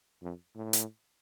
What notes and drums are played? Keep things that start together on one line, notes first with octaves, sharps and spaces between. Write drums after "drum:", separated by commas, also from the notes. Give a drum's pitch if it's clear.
F2
A2
drum: hi-hat